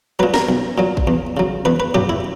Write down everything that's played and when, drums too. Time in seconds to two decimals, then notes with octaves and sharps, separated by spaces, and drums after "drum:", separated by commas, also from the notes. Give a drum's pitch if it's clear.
0.19 A#2 F#3 B4
0.34 A#4, drum: snare
0.49 B1
0.78 A#2 F#3
0.97 drum: kick
1.07 E2
1.37 C#3 F#3
1.65 E2 B4
1.80 B4
1.94 C#3 F#3 G4, drum: tom
2.09 E4